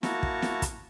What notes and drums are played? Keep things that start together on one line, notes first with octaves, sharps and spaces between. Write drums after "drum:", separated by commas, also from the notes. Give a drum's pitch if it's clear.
A#3 E4 F#4 A5 A#5 C#6, drum: snare
drum: kick
drum: snare
drum: kick, hi-hat